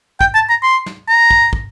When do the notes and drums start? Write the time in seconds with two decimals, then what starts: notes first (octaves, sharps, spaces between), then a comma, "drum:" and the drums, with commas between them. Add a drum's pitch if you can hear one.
0.21 G5, drum: kick
0.35 A5
0.50 A#5
0.64 C6
0.86 drum: snare
1.09 A#5
1.31 drum: kick
1.53 drum: kick